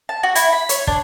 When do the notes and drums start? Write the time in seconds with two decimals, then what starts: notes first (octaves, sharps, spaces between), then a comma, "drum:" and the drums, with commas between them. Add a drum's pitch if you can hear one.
0.09 A5
0.23 F#4
0.35 E4, drum: hi-hat
0.52 B5
0.69 C#5, drum: hi-hat
0.87 D4, drum: kick